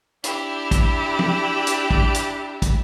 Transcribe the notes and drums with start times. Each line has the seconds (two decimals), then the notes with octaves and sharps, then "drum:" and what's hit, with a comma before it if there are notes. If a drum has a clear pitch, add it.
0.24 D4 E4 G4, drum: hi-hat
0.71 drum: kick, hi-hat
1.19 drum: tom
1.67 drum: hi-hat
1.91 drum: kick
2.14 drum: hi-hat
2.62 drum: kick, hi-hat